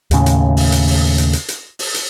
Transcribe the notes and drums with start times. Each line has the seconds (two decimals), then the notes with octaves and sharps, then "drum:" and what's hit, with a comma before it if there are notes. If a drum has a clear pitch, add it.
0.11 D#2 A2 C#3, drum: hi-hat
0.26 drum: hi-hat
0.57 drum: open hi-hat
0.72 drum: hi-hat
0.87 drum: open hi-hat
1.18 drum: hi-hat
1.33 drum: hi-hat
1.48 drum: hi-hat
1.79 drum: open hi-hat
1.94 drum: hi-hat